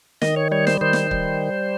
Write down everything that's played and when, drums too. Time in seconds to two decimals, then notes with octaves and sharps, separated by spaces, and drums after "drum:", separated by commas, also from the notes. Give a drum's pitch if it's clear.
0.22 D#3 D#5, drum: snare
0.36 C#5
0.51 G3 C#5
0.67 C5, drum: snare
0.81 D#3 C5
0.93 drum: snare
1.11 G3, drum: kick C#1